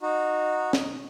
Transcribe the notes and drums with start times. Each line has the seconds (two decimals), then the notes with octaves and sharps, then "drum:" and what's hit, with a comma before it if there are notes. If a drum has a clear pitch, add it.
0.01 D#4 F#4
0.73 drum: snare